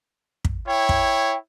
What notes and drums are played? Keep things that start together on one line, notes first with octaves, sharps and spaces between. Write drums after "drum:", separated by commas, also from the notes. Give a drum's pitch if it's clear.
drum: kick
E4 C#5 G5
drum: kick